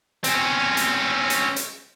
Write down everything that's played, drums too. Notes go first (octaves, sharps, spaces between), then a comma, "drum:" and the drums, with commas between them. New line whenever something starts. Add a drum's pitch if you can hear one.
C4 C#4, drum: hi-hat
drum: hi-hat
drum: hi-hat
drum: hi-hat